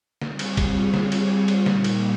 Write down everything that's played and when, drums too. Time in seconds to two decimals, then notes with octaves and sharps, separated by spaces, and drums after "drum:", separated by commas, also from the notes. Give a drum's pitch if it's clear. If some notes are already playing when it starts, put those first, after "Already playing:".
0.22 G3 C4 F4 G#4 C#5, drum: snare
0.39 drum: cymbal
0.57 drum: kick, cymbal
0.94 drum: snare
1.12 drum: cymbal
1.48 drum: cymbal
1.66 A#2 G3 A#3 D#4 G4, drum: snare
1.84 drum: cymbal